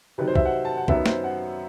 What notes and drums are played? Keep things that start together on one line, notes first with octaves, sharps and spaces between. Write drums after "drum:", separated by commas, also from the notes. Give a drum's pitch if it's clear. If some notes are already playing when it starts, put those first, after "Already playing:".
C3 D#3 F#3 B4
C5
E5, drum: kick
F#5
A5
F#5
F#2 D#3 F#3 B3 E5, drum: kick
C5, drum: snare
F#5